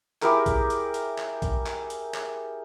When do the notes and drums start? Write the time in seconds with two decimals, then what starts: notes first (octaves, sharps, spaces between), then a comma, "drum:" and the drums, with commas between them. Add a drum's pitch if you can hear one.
0.22 E4 G4 G#4 A#4, drum: clap
0.46 drum: kick A#1, hi-hat
0.70 drum: hi-hat
0.94 drum: hi-hat
1.18 drum: clap
1.42 drum: kick A#1, hi-hat
1.66 drum: clap
1.90 drum: hi-hat
2.14 drum: clap